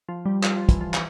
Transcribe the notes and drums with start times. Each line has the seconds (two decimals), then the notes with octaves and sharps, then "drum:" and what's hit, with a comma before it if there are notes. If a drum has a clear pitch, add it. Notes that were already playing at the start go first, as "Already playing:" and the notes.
0.08 F3
0.26 G3
0.43 F3, drum: clap
0.56 F3
0.69 E3, drum: kick, hi-hat
0.81 F3
0.94 E3, drum: clap